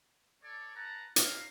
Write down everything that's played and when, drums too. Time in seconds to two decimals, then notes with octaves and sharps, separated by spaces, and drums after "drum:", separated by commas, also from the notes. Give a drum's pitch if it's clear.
0.42 A4 C#5 D5
0.75 B4 F#5 A5 A#5
1.16 D#4 E4 F5, drum: hi-hat